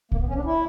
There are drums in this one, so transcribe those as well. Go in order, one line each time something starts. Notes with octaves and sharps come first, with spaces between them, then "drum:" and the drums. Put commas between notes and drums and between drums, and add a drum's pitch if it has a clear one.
A#3, drum: kick B1
B3
C#4
D4
E4